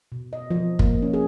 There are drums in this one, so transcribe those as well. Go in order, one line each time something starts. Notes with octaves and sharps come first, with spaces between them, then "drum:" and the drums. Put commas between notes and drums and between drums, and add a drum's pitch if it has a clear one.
B2
D#5
F3
A#3, drum: kick
C#4
G#4